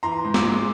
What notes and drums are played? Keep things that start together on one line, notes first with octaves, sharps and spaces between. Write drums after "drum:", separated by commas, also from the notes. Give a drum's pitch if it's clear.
E3 A#5 C6
G#2
D6 E6, drum: snare
G#3